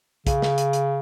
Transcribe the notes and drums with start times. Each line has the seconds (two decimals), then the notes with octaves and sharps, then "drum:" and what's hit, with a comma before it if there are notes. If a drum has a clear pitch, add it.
0.27 C#3, drum: kick, hi-hat
0.42 drum: snare
0.58 drum: hi-hat
0.73 drum: hi-hat